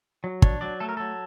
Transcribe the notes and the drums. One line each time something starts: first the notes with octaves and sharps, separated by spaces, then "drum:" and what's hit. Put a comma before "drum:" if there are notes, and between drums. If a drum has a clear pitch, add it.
F#3
D4 C#5, drum: kick
F#3 D5
A3 A4
A#4
F#3 A4